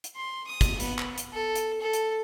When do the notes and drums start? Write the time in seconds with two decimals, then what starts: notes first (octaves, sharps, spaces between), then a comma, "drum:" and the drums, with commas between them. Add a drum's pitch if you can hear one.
0.04 drum: hi-hat
0.16 C6
0.47 D#6
0.61 drum: kick, hi-hat
0.80 B3, drum: hi-hat
0.99 drum: clap
1.18 drum: hi-hat
1.33 A4
1.56 drum: hi-hat
1.81 A4
1.93 drum: hi-hat